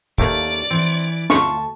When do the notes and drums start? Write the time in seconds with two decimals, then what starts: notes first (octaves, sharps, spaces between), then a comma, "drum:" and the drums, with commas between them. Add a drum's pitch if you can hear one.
0.18 D#2 A3 A#3 D5 D6, drum: kick
0.71 E3 C4 E4
1.30 D2 A3 F4 A5 C#6, drum: snare